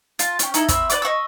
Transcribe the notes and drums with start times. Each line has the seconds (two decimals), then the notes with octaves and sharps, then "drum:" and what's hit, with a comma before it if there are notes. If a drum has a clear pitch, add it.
0.19 F4 A5, drum: hi-hat
0.39 C#4 G4, drum: hi-hat
0.54 D#4 E4 A4, drum: hi-hat
0.68 C4 E5 B5, drum: kick, hi-hat
0.90 B4 D5 F#5 D6, drum: hi-hat
1.02 D#5 F#5 C#6 E6